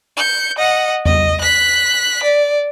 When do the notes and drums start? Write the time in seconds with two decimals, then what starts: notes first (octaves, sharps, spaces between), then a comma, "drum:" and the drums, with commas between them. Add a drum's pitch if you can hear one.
0.17 G6 C#7
0.58 D#5 F#5
1.05 D#5, drum: tom E2
1.41 F#6 B6
2.23 D5